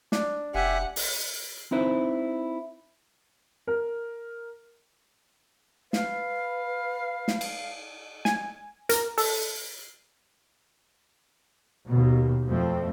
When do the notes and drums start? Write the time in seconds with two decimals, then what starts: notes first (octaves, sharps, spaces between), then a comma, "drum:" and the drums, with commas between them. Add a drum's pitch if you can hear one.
0.12 D4, drum: snare
0.55 F1 G4 E5 F#5 G#5
0.96 drum: open hi-hat
1.71 C4 D#4 E4 B4 C5
3.67 A#4
5.93 B4 F5, drum: snare
7.28 drum: snare
7.41 drum: cymbal
8.25 G#5, drum: snare
8.89 A#4, drum: hi-hat
9.18 A4, drum: open hi-hat
11.87 D#2 B2
12.48 F2 F3 A3 C4